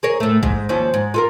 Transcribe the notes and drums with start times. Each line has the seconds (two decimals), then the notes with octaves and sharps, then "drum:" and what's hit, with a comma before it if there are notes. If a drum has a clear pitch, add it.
0.03 G#4 A#4 C#5
0.20 A2 A3
0.43 G#2, drum: kick
0.69 D#2 F3 C#4
0.94 G#2
1.14 F4 A4 A#4